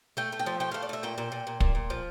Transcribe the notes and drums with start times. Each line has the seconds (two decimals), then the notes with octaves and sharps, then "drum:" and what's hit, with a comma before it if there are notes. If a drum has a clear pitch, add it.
0.17 A3 G5
0.32 A3
0.39 G5
0.46 F3
0.60 A3 G5
0.71 A3 F5
0.82 D5
0.89 A3 E5
1.03 A#2 G5
1.18 A#2
1.32 A#2
1.47 A#2
1.60 A#2, drum: kick
1.75 A#2
1.90 F3